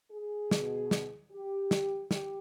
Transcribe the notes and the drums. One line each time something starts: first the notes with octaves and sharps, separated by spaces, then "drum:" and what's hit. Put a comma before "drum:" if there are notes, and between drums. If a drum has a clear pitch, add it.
G#4
B2, drum: snare
drum: snare
G4
drum: snare
G4, drum: snare